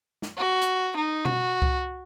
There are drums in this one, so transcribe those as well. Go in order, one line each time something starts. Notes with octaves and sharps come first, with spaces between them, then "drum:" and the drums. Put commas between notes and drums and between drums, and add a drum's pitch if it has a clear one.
drum: snare
F#4
drum: hi-hat
D#4
F#4, drum: tom B2
drum: kick C#2